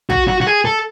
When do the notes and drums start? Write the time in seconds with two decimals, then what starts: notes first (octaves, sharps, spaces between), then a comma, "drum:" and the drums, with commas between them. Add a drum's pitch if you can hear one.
0.10 F#4, drum: kick
0.28 F#4
0.41 F#4
0.47 G#4
0.65 A4